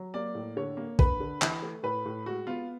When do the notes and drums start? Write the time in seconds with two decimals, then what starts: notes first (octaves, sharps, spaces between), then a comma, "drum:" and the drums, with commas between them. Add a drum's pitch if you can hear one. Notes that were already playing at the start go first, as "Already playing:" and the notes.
Already playing: F#3
0.14 A#3 D5
0.35 A2
0.57 D3 C#5
0.77 A#3
0.99 D3 B4, drum: kick
1.20 D3
1.42 E3, drum: clap
1.62 A3
1.83 A2 B4
2.05 A2
2.26 G#3 F#4
2.47 B3 F4